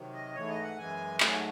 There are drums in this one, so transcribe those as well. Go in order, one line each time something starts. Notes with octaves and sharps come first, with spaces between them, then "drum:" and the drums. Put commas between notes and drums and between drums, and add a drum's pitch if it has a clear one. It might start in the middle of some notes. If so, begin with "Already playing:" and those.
Already playing: C3 D#3 F#3
D#5
G#2 E3 A3 C#5
D#5
F#5
F#2 E3 G#3 G#5
G#2 F#3 A3 G#5, drum: clap